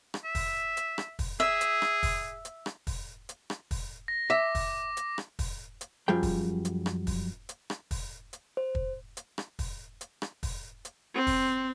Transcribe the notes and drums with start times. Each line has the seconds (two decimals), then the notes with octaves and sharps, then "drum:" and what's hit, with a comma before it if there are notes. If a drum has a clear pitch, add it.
0.14 drum: rim click
0.24 E5
0.35 drum: kick, open hi-hat
0.77 drum: hi-hat
0.98 drum: rim click
1.19 drum: kick, open hi-hat
1.40 G#4 E5
1.61 drum: hi-hat
1.82 drum: rim click
2.03 drum: kick, open hi-hat
2.45 drum: hi-hat
2.66 drum: rim click
2.87 drum: kick, open hi-hat
3.29 drum: hi-hat
3.50 drum: rim click
3.71 drum: kick, open hi-hat
4.08 A#6
4.30 E5 D6
4.55 drum: kick, open hi-hat
4.97 drum: hi-hat
5.18 drum: rim click
5.39 drum: kick, open hi-hat
5.81 drum: hi-hat
6.08 F#2 F3 G3 G#4 G5
6.23 drum: kick, open hi-hat
6.65 drum: hi-hat
6.86 drum: rim click
7.07 drum: kick, open hi-hat
7.49 drum: hi-hat
7.70 drum: rim click
7.91 drum: kick, open hi-hat
8.33 drum: hi-hat
8.57 C5
8.75 drum: kick
9.17 drum: hi-hat
9.38 drum: rim click
9.59 drum: kick, open hi-hat
10.01 drum: hi-hat
10.22 drum: rim click
10.43 drum: kick, open hi-hat
10.85 drum: hi-hat
11.15 C4
11.27 drum: kick, open hi-hat